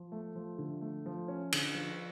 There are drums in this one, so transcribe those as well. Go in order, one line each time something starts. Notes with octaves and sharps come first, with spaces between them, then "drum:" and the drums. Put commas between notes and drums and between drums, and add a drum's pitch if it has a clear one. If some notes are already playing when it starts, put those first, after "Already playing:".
Already playing: F3
A3
F3
D3
A3
F3
C#4
D3, drum: cymbal
F3